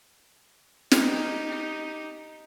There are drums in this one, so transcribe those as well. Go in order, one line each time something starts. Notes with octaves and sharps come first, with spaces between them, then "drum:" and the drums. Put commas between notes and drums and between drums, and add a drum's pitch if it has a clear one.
D#4 G4, drum: snare